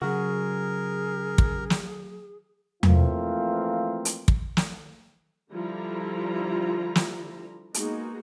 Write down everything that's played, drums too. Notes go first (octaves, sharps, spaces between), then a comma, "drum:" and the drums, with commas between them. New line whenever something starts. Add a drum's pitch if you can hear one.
C#3 F#3 F#4 G#4 A#4
drum: kick
drum: snare
E3 F3 A3 A#3 C4 F4, drum: tom E2
drum: hi-hat
drum: kick
drum: snare
D3 F3 G3 E4 F4 A#5
drum: snare
G#3 A#3 B3 D#4 F#4 G#4, drum: hi-hat